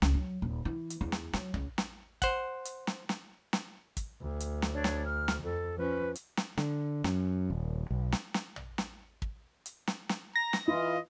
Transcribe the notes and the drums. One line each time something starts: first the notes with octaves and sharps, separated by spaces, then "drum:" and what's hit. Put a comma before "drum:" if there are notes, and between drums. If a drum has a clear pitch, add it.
C#2, drum: snare
F#3
D#1
E3
drum: hi-hat
E2
drum: snare
F#3, drum: snare
C#2, drum: tom
drum: snare
C5 F#5, drum: kick, hi-hat
drum: hi-hat
drum: snare
drum: snare
drum: snare
drum: kick, hi-hat
D2
drum: hi-hat
drum: snare
D4 C#5 D5
drum: snare
F6
drum: snare
F2 A4
F3 C#4 B4
drum: hi-hat
drum: snare
D3, drum: snare
F#2, drum: snare
D#1
B1
drum: snare
drum: snare
drum: tom
drum: snare
drum: kick
drum: hi-hat
drum: snare
drum: snare
A#5 A#6
drum: snare
E3 E4 F4 D#5